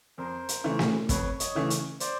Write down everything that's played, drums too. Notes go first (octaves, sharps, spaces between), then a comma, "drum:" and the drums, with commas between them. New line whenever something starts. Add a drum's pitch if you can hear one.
F2 A#4 C5
drum: hi-hat
C#3 E3 A3
drum: snare
F2 B4 C#5, drum: kick, hi-hat
C#5 D#5, drum: hi-hat
C#3 E3 A3
drum: hi-hat
C5 D5, drum: hi-hat